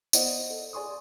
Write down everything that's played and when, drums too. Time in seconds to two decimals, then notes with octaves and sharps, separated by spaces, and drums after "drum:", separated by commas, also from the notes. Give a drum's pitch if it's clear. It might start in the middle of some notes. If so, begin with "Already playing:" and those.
0.13 B3 E4 C5 D5 D#5 F#5, drum: tambourine
0.50 A4
0.73 G#4 D5 G#5 C6 C#6 D#6